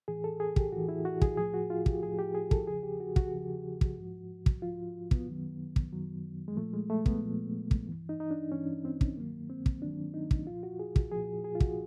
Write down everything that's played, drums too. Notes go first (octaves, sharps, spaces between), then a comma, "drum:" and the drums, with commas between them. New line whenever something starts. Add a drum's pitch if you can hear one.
A2 E3 G#4
A4
G#4
G4, drum: kick
A2 E3 F#4
E4
F#4
G#4, drum: kick
A2 F3 G#4
F#4
F4
G4, drum: kick
A2 F3 G#4
G4
G#4
A4, drum: kick
E2 C#3 F3 G#4
G4
F#4
F#4, drum: kick
E2 C#3 F3
drum: kick
G#2 F3
drum: kick
G#2 F3 F4
B3, drum: kick
F#2 D#3 F#3
drum: kick
F#2 D#3 F#3
G#3
A#2 F3 A3
G#3
A3
B3, drum: kick
A#2 F3
drum: kick
G2 E3
D#4
D#4
D4
G2 E3 C#4
C4
drum: kick
G2 D#3 F#3 A#3
C4
drum: kick
G2 D#3 F#3 D4
D#4
drum: kick
A#2 F3 F4
F#4
G#4
drum: kick
A#2 F3 G#4
G#4
F4
F#4, drum: kick